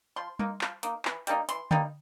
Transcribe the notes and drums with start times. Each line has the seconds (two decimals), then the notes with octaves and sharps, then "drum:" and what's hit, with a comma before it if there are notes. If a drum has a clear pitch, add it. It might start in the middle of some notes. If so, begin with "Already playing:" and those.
0.16 F3 C6
0.39 A#3 D#4, drum: tom G3
0.61 F3, drum: clap
0.83 A#3 D#4, drum: hi-hat
1.05 E3, drum: clap
1.27 G3 A#3 D#4, drum: hi-hat
1.49 E3 C6, drum: hi-hat
1.71 G3 A#3 D#4, drum: tom D3